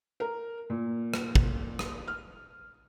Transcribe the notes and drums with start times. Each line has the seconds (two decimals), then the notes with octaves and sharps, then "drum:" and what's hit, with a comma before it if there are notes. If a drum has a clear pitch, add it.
0.20 A#4
0.70 A#2
1.14 drum: rim click
1.35 drum: kick
1.79 drum: rim click
2.08 F6